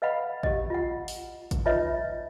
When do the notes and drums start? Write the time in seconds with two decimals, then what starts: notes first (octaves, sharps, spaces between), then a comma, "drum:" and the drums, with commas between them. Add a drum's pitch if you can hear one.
0.02 B4 D#5 F5 F#5 B5
0.43 G4 D#5, drum: kick A1
0.70 F4 F#5
1.08 drum: open hi-hat
1.51 drum: kick A1, hi-hat
1.65 D#4 F4 B4 C#5 D#5 E5